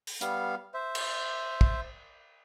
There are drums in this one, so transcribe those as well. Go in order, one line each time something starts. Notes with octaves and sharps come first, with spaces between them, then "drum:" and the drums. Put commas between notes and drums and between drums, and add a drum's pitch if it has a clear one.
drum: open hi-hat
G3 B3 F5, drum: hi-hat
C5 E5
drum: cymbal
drum: kick